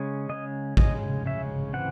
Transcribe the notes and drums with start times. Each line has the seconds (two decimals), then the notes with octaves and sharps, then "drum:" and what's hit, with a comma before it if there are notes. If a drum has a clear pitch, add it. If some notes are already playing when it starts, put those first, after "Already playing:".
Already playing: C#3 G#3 C#4
0.29 C#3 G#3 C#4 D#5
0.77 C#3 G#3 C#4 D#5, drum: kick A1
1.26 C#3 G#3 C#4 E5
1.73 C#3 E3 C4 F#5